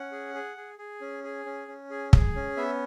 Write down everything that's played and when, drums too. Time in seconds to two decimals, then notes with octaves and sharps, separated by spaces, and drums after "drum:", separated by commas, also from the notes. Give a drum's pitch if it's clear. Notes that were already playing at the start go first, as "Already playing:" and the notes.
Already playing: C#4 F#5
0.12 G#4
0.34 G#4
0.57 G#4
0.78 G#4
1.01 C#4
1.24 G#4
1.45 C#4
1.68 C#4
1.90 G#4
2.13 G#4, drum: kick
2.35 C#4
2.57 B3 E5